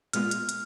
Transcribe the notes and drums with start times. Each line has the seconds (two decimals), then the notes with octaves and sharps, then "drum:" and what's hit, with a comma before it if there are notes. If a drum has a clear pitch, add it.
0.13 A#2 G#3 B3 F4 F6, drum: hi-hat
0.31 drum: hi-hat
0.49 drum: hi-hat